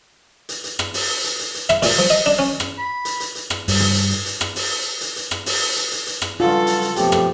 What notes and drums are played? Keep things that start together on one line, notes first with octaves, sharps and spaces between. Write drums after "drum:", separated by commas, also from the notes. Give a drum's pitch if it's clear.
drum: hi-hat
drum: hi-hat
drum: rim click
drum: open hi-hat
drum: hi-hat
drum: hi-hat
drum: hi-hat
E5, drum: rim click
A#2, drum: open hi-hat
F3
D#5
D4
C#4
drum: rim click
B5
drum: hi-hat
drum: hi-hat
drum: hi-hat
drum: rim click
G2, drum: open hi-hat
drum: tom
drum: hi-hat
drum: hi-hat
drum: hi-hat
drum: rim click
drum: open hi-hat
drum: hi-hat
drum: hi-hat
drum: rim click
drum: open hi-hat
drum: hi-hat
drum: hi-hat
drum: hi-hat
drum: rim click
G2 C#3 F#3 F4 A4
drum: hi-hat
drum: hi-hat
B1 F2 A2 G4, drum: hi-hat
drum: rim click